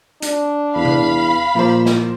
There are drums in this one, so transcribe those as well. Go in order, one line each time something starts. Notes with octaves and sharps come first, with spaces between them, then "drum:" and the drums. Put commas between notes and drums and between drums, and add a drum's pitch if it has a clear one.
D4, drum: hi-hat
E2 F5 B5
drum: tom C3
A#2 F3 A#3 C5
drum: snare